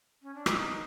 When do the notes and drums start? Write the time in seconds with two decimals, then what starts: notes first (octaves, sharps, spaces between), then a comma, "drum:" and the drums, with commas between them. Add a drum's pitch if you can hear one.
0.23 C#4
0.35 D4
0.46 D#4, drum: rim click